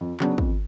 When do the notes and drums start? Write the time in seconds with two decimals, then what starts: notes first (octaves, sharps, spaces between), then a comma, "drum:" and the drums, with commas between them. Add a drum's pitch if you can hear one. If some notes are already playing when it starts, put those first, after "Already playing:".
0.01 F2
0.20 C#3 F#3 B3 D4, drum: clap
0.38 F2, drum: kick